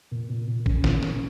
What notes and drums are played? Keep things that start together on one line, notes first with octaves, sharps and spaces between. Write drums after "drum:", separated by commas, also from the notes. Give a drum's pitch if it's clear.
A#2
A#2
A#2
C#4, drum: kick
A#2, drum: snare
C#4, drum: snare